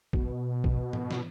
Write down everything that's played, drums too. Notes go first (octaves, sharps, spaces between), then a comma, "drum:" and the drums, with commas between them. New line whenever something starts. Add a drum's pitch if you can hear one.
B2, drum: kick
drum: kick
drum: tom G#2
drum: snare